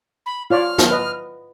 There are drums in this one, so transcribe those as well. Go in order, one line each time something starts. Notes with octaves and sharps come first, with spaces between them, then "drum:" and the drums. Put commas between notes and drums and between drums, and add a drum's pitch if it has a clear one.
B5
F4 C#5 D5 F6
drum: snare
B4 D#5